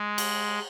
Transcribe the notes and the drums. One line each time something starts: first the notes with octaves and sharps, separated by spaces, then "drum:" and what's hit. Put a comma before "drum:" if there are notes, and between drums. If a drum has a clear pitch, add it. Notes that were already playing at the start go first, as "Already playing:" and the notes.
Already playing: G#3
drum: cymbal